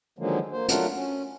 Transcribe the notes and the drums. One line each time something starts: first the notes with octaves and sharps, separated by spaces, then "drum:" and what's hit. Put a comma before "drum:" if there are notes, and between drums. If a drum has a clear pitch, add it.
D3 D#3 F3 F#3 G#3 A#3
A#3 C5
F#3 A3 D4 F4 A#4 F#5, drum: hi-hat
C#4